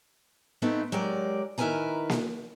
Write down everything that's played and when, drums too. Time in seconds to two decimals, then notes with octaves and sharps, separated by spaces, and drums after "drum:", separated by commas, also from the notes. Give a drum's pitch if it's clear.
0.62 A3 B3 C4 D#4
0.92 F#3 G#3 G4 A#4 D5
1.58 D#3 E4 A#4 B4 G#5 A#5
2.10 drum: snare A#3